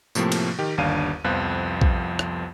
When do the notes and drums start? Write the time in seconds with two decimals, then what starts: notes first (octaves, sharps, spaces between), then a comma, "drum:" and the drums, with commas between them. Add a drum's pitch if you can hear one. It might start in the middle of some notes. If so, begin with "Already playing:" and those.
0.15 A2 C3 F3 A3 A#3, drum: tambourine
0.32 drum: cymbal
0.59 D#3 G4
0.78 G1 D#2 D4 F5 D#7
1.25 C2 F2 F3 B3 F4 F#6
1.81 drum: kick A#1
2.19 drum: rim click